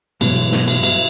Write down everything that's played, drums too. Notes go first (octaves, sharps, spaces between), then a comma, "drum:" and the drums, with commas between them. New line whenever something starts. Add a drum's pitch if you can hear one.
G2 B2 E3 F#3 G#3, drum: cymbal
drum: snare
drum: cymbal
drum: cymbal